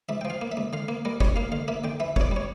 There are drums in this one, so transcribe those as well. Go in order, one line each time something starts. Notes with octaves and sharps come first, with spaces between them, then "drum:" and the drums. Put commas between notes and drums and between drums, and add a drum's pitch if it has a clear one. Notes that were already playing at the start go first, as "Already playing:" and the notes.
C#2 E5
F3 G5
F5
A#3
E5
C#2
D3 F5
A#3
G3 A#4
G3 C#5, drum: kick
A#3 F5
D3 F5
A#3 E5
D3 G5
E3 E5
A1 C#5 D5, drum: kick
G3 C#5